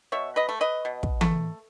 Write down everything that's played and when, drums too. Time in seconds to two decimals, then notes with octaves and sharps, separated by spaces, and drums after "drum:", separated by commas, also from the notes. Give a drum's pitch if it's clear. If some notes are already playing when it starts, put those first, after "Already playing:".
0.12 B2 C#5 E5
0.36 B4 D#5
0.49 A3
0.61 B4 D#5
0.85 B2
1.03 drum: kick
1.21 A3, drum: tom E3